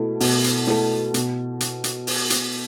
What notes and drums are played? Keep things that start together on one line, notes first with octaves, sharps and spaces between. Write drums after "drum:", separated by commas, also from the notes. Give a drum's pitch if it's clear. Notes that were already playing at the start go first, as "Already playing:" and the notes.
Already playing: B2 A3 E4
B2, drum: open hi-hat
drum: hi-hat
A3 E4, drum: snare
B2, drum: hi-hat
drum: hi-hat
drum: hi-hat
drum: open hi-hat
drum: hi-hat